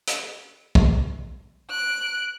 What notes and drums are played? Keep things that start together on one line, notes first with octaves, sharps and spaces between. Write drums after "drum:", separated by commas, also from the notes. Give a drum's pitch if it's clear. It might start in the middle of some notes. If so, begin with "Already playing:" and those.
drum: hi-hat
drum: kick
F#6 D7